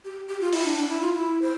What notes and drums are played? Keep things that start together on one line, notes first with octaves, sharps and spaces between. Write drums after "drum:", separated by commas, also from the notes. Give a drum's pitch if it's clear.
G4
G4
F4
E4, drum: open hi-hat
D4
D4
E4
F4
E4
C5